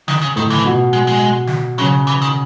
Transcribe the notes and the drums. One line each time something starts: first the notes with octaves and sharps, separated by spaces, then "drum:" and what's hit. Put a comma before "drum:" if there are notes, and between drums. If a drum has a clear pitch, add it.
D#3, drum: snare
C#3
A2 D#3
E3, drum: snare
B2
G#3
G#3
drum: snare
C#3 F#3
E3
D#3